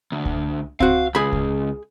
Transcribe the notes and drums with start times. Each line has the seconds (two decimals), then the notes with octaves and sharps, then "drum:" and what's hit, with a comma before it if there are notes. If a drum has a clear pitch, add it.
0.12 D2
0.25 drum: kick C#2
0.80 C4 F#4 F5, drum: kick C#2
1.15 C#2 G#4 B5
1.32 drum: kick C#2